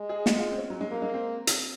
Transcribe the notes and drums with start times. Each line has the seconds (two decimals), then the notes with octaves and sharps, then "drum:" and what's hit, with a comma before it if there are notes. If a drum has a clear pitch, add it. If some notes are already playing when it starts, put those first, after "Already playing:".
Already playing: G#3
0.09 G#4
0.26 F#4, drum: snare
0.37 F4
0.51 C4
0.58 C#4
0.70 F#3
0.81 G#3
0.91 F#3 A#3
1.02 G#3
1.14 C4
1.47 drum: hi-hat